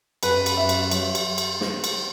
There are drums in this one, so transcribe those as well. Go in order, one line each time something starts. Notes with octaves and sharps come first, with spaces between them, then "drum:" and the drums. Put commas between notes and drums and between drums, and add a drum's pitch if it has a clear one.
F#2 B4, drum: cymbal
drum: cymbal
F#2 E5
drum: cymbal
F#3, drum: cymbal
drum: cymbal
drum: cymbal
drum: snare
drum: cymbal